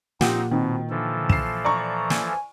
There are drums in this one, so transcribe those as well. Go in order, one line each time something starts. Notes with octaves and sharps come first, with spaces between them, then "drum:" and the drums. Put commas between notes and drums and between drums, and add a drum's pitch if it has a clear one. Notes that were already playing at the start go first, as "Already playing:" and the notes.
A#2 F3 C4 D#4 G4 F#5, drum: snare
B2 D#3 C4
D3 E3 F3 A4
C7 E7, drum: kick
D5 A#5 C#6
G#5, drum: snare